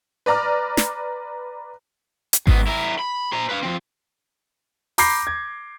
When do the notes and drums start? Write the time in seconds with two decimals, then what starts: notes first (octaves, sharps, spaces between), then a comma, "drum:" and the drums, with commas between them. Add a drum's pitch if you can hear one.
0.26 B4 D5 A#5 D6 F6
0.77 drum: snare
2.33 drum: hi-hat
2.47 G#2 B3, drum: kick G#1
2.67 E4 A#4
2.99 B5
3.33 C5 A#5
3.49 B4 F5
3.63 F3 C4
4.98 A#5 B5 D6 G6 A#6 C7, drum: open hi-hat
5.27 G#6